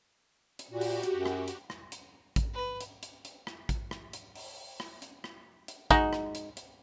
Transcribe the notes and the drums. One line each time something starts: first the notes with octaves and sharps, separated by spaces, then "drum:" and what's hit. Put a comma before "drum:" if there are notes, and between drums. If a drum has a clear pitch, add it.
drum: hi-hat
A#2 F#4 G4
drum: open hi-hat
drum: hi-hat
F#2
drum: rim click
drum: hi-hat
drum: rim click
drum: hi-hat
drum: kick, hi-hat
B4
drum: hi-hat
drum: hi-hat
drum: hi-hat
drum: rim click
drum: kick, hi-hat
drum: rim click
drum: hi-hat
drum: open hi-hat
drum: rim click
drum: hi-hat
drum: rim click
drum: hi-hat
G#3 D#4 F#4, drum: kick, hi-hat
drum: rim click
drum: hi-hat
drum: hi-hat